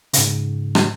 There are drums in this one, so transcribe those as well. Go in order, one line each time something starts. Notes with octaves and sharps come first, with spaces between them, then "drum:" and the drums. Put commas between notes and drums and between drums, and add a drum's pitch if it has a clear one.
G#2 C#3, drum: hi-hat
drum: rim click